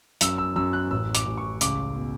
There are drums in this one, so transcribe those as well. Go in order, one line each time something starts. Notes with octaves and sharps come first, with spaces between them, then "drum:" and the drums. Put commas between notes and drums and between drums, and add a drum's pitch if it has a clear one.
F#2 E6, drum: hi-hat
E6
F#2 E6
F#6
A1 E6
D6, drum: hi-hat
A1
C#6
C#2 D6, drum: hi-hat
B2